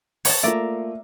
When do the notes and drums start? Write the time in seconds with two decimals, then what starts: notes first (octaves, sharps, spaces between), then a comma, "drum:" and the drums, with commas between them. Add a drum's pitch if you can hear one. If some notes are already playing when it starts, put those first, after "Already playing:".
0.25 C#5 A5, drum: open hi-hat
0.43 A3 A#3 F4 D5 E5 A#5